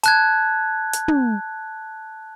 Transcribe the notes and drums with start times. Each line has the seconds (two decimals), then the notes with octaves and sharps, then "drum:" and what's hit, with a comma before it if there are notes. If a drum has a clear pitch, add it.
0.03 A5 F#6 G#6, drum: hi-hat
0.93 drum: hi-hat
1.08 drum: tom